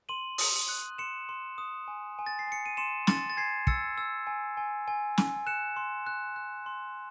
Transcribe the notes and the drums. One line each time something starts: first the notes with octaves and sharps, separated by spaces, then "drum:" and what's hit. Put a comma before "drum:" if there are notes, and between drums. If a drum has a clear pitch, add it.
C6 D#7 F#7
D#6, drum: open hi-hat
F#6
C6 C#7 E7
C6
D#6
G#5
G#5
A6
C7
G#5 C#7
D#7
C6 C#7 E7
C6 A6 C#7, drum: snare
A6
G#5 G#6 C7
E6 A6 C#7, drum: kick
E6
G#5
G#5
G#5
G#5, drum: snare
F#6 C#7 E7
C6
F#6
F#6
C6